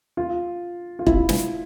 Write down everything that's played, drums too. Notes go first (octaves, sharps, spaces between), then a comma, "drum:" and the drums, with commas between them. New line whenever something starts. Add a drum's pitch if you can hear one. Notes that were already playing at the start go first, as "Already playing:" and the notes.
F4
F4
E4, drum: kick E1
drum: snare